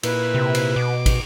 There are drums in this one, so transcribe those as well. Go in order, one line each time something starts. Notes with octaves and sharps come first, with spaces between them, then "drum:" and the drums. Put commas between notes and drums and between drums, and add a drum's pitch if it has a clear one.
A#2 E4 B4, drum: cymbal
C3
drum: cymbal
B2 D6
drum: kick, cymbal